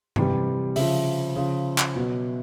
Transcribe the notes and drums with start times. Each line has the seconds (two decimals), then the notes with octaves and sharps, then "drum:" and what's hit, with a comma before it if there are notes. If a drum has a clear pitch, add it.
0.16 C3 E3 G3, drum: tom G2
0.76 C#3 F3 E5, drum: open hi-hat
1.36 C#3 F3
1.78 drum: clap
1.95 B2 F#3